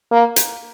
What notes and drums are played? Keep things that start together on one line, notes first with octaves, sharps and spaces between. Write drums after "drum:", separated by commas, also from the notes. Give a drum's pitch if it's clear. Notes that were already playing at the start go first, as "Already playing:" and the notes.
A#3
drum: hi-hat